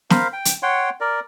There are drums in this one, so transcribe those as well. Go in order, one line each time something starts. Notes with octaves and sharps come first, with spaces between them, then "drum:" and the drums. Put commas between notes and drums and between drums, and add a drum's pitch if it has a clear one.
A#4 C5 F5 B5, drum: snare
G5
drum: hi-hat
C#5 F#5 G5 C6
A#4 D5